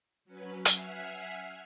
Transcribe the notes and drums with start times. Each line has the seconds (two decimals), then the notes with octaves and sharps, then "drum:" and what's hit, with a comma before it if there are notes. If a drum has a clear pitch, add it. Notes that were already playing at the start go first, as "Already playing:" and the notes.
0.25 F#3 C#4 B4
0.65 E5 F#5 G#5 F6 B6 C7, drum: hi-hat